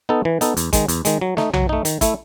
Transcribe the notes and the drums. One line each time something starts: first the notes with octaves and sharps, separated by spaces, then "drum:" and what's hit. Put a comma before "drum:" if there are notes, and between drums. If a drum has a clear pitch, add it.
B3 D#4 A4
E3
B3 D#4 A4, drum: hi-hat
E2, drum: hi-hat
D#3 G#3, drum: kick, hi-hat
E2, drum: hi-hat
D#3 G#3, drum: hi-hat
F#3
A3 D#4, drum: snare
F#3, drum: tom B1
A3 D#4
D#3, drum: hi-hat
A3 E4, drum: kick, hi-hat